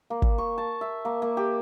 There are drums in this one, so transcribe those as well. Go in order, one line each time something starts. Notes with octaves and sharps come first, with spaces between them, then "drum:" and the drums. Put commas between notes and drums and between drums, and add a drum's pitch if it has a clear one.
A#3
drum: kick
C#6
A5
E5
A#3
A#3
G4